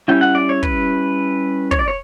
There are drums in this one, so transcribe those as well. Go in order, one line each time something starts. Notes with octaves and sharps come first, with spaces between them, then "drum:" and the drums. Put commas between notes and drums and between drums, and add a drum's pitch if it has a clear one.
G3 C#4 E4 G5
F#5
D5
C#5
B4, drum: kick
C#5, drum: kick
D5
C#5